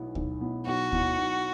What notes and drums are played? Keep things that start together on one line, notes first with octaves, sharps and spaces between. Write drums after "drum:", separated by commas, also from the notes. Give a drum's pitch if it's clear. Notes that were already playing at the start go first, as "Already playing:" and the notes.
Already playing: B1 B2 B3 E4
B1, drum: kick D2
B2 B3 E4
B1 F#4
B2 B3 E4, drum: kick D2
B1